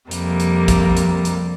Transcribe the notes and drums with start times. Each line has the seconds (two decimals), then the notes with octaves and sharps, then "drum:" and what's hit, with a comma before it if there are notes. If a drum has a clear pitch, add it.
0.11 F2 C3 G3 A#3, drum: hi-hat
0.40 drum: hi-hat
0.68 drum: kick A#1, hi-hat
0.97 drum: hi-hat
1.25 drum: hi-hat